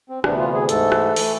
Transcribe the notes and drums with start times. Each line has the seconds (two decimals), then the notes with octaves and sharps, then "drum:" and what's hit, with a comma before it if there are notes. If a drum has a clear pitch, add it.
0.09 C4
0.24 D2 C3 E3 B3 D4, drum: rim click
0.39 F4
0.54 G#4
0.69 G#2 E3 A3 A4, drum: hi-hat
0.92 drum: rim click
1.16 E3 A3, drum: open hi-hat